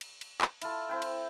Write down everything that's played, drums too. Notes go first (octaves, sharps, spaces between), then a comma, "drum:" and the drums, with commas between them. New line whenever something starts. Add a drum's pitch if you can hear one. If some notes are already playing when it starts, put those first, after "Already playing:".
drum: cymbal
drum: cymbal
drum: clap
E4 F4 A4, drum: cymbal
C4 E4 G5
drum: cymbal